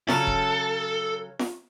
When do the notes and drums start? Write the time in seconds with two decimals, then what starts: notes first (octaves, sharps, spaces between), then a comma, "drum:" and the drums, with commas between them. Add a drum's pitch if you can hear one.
0.08 C#3 F#3 C#4 A4, drum: snare F4
0.27 drum: kick F1
1.39 drum: snare F4